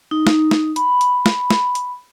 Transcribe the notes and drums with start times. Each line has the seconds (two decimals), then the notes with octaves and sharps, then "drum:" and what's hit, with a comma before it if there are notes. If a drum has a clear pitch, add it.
0.11 D#4
0.27 drum: snare
0.51 drum: snare
0.76 B5, drum: hi-hat
1.01 drum: hi-hat
1.26 drum: snare
1.50 drum: snare
1.75 drum: hi-hat